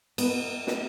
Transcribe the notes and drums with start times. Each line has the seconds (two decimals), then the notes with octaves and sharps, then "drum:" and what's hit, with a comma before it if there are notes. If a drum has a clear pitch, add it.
0.18 B3, drum: cymbal
0.67 drum: snare